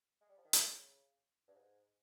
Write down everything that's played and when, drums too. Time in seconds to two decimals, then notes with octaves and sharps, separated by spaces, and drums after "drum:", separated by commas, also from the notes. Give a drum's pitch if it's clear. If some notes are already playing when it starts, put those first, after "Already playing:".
0.21 G#3
0.29 G3
0.37 F3
0.45 D#3
0.53 C#3, drum: hi-hat
1.48 G2
1.55 G#2